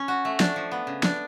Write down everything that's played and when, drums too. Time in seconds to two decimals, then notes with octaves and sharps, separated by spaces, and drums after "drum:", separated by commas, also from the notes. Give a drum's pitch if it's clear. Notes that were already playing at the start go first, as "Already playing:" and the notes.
Already playing: C#4
0.08 F#4
0.25 A3
0.40 D4, drum: snare
0.56 F3
0.72 B3
0.87 C#3
1.03 D4, drum: snare